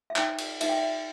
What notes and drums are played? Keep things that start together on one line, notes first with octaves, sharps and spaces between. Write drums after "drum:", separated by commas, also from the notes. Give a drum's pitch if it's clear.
E5
D#4 G5, drum: clap
drum: cymbal
D#4 E5, drum: cymbal
G5
E5